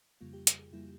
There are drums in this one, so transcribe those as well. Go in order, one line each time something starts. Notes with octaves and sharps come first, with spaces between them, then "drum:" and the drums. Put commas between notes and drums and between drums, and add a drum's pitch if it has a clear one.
F2 C#3 G3 A#3 F4
G4
G4, drum: hi-hat
G#4
F2 C#3 G3 A#3 E4